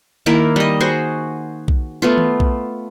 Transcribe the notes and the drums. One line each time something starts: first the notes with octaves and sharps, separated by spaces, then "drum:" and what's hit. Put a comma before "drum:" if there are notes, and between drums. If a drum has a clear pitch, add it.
D#3 A#3 E4 A#4
G3 D#5
F#4 G#4 C5
drum: kick B1
A3 B3 F4
drum: tom D#3
drum: kick B1